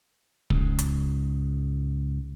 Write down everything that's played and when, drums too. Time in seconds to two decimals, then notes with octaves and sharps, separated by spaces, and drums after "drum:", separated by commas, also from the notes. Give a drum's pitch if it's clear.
0.50 C#2 G#2, drum: kick
0.79 drum: hi-hat